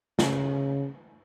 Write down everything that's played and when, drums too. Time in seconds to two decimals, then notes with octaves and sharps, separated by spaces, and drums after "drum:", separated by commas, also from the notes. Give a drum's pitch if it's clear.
0.19 C#3, drum: snare